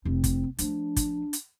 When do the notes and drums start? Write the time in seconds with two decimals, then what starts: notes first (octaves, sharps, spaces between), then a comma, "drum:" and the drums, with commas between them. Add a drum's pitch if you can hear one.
0.05 F1 C4 E4
0.24 drum: kick, hi-hat
0.58 F3 A3 D4, drum: hi-hat
0.96 drum: kick, hi-hat
1.33 drum: hi-hat